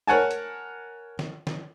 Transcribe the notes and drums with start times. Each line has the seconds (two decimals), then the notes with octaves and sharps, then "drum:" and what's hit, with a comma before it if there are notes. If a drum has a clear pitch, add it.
0.07 A#4 C#5 F#5 G#5 A5
0.31 drum: hi-hat
1.19 drum: snare
1.47 drum: snare